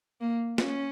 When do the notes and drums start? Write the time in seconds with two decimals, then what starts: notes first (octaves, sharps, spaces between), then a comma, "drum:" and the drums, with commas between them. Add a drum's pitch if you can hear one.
0.21 A#3
0.58 C#4, drum: snare